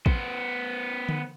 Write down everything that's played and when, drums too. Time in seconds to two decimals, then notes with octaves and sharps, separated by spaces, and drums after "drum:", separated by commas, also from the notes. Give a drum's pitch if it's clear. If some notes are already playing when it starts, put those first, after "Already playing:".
0.06 B3 C5, drum: kick
1.09 drum: tom D3